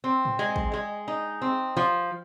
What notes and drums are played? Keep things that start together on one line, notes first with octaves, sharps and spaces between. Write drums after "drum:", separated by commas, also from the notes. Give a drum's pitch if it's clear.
C4
drum: tom A2
G#3
drum: kick
G#3
D#4
C4
F3